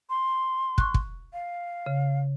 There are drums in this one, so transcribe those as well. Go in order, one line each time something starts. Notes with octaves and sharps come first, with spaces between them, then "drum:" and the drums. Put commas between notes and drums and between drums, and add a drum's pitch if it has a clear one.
C6
C#6 F#6, drum: kick
drum: kick
F5
C#3